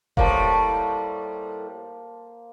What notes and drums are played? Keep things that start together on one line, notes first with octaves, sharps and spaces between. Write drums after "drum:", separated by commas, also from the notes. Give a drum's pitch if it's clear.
A2 G3 A#3 C5 A5, drum: kick E1